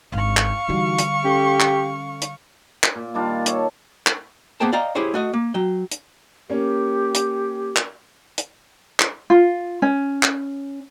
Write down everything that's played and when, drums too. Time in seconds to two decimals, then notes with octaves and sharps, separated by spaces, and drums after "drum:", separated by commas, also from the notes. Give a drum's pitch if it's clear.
0.12 G#1 D4 F5 C#6
0.37 drum: clap
0.69 D3 E3 G3 D#4 F#4
0.99 drum: hi-hat
1.25 C#4 G4 A4
1.60 drum: clap
2.22 drum: hi-hat
2.83 drum: clap
2.95 A#2
3.14 D#3 G3 D4 F4
3.46 A4 C#5, drum: hi-hat
4.07 drum: clap
4.60 A#3 B3 G#4 C5 G5 A5
4.73 D5 D#5 F5 G5 A#5
4.95 E4 G4 G#4 C5 C#5
5.14 A3 F#4 D#5
5.33 A#3
5.54 F#3 G5
5.91 drum: hi-hat
6.50 A#3 C#4 G4
7.15 drum: hi-hat
7.76 drum: clap
8.38 drum: hi-hat
9.00 drum: clap
9.30 F4
9.82 C#4
10.23 drum: clap